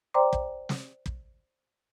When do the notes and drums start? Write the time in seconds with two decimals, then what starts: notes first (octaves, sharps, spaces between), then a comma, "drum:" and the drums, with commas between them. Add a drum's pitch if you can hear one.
0.14 C5 D5 G5 A#5 C6 D6
0.33 drum: kick
0.69 drum: snare
1.06 drum: kick